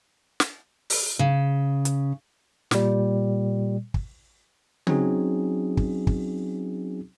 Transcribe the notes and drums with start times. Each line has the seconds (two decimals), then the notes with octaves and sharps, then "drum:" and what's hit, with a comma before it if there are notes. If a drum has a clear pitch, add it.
0.40 drum: snare
0.90 drum: open hi-hat
1.19 C#3
1.85 drum: hi-hat
2.71 A#2 G3, drum: snare
3.94 drum: kick
4.87 F#3 C4 C#4 D#4 F#4 G#4, drum: tom C#3
5.77 drum: kick
6.07 drum: kick